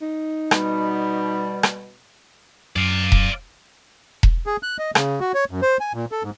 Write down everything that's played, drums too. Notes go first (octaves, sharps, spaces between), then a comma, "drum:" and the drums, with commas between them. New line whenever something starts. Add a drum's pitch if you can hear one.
D#4
B2 G3, drum: rim click
drum: rim click
F#2 D5 F5
drum: kick E1
drum: kick E1
G#4
F#6
D#5
C#3, drum: rim click
F#4
C#5
F#2
C5
G#5
A#2
A4
G#2